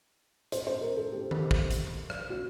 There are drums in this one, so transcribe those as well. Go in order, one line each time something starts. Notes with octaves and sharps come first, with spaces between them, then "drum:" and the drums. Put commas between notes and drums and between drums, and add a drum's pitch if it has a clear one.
C5, drum: hi-hat
C5
A#4
A4
G4
drum: tom D#3
drum: kick
drum: hi-hat
drum: rim click
F#4